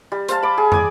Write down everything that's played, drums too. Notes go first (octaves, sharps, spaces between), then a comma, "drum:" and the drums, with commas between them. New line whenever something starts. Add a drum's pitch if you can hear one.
G3
C5 F5 A5, drum: hi-hat
B5 D6
G#4
D5 G#5 D6, drum: tom